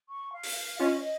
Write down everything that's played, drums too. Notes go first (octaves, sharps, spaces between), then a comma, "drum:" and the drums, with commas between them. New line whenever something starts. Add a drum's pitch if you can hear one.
C#6
F5
drum: open hi-hat
F5
C#4 F4 D#5
C#5
D#5